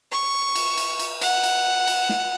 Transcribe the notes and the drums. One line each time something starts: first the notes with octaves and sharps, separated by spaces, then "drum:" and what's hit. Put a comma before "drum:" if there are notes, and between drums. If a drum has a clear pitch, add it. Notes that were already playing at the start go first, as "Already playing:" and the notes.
C#6
drum: cymbal
drum: cymbal
drum: cymbal
F#5, drum: cymbal
drum: cymbal
drum: cymbal
drum: snare